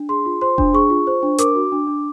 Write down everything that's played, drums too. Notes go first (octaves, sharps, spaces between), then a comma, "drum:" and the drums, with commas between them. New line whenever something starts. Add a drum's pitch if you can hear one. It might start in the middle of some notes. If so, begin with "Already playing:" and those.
Already playing: D4
G#4 C6
F4
C5 C6
D4, drum: kick F1
G#4 C#6
F4
C5
D4
A#4 D6, drum: hi-hat
F#4
D4
D4